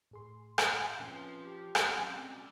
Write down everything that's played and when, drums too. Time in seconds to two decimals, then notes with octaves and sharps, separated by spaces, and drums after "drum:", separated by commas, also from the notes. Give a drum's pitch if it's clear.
0.11 A2 G#4 C6
0.58 drum: rim click
0.77 E4
0.99 A#2 F3 C4 C#4 B4 C6
1.44 G4
1.75 drum: rim click
1.89 C3 F#3
2.08 B2 G#3 C4 D5